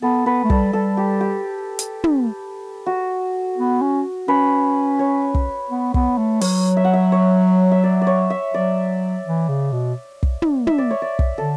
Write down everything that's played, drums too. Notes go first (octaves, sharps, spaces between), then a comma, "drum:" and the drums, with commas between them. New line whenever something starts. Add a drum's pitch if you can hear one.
B3 A4
B3 B4
A3
G3 A4, drum: kick
G3 A4
G4
G4
drum: hi-hat
drum: tom
F#4
B3
C#4
C#4 B4
C#5
drum: kick
B3
B3, drum: kick
A3
F#3 C#5, drum: open hi-hat
E5
F#5
E5
C#5
E5
D5
D5
C#5
E5
F#3 D5
E3
C#3
B2
drum: kick
drum: tom
E5, drum: tom
D5
C#5
D5
drum: kick
D3 A4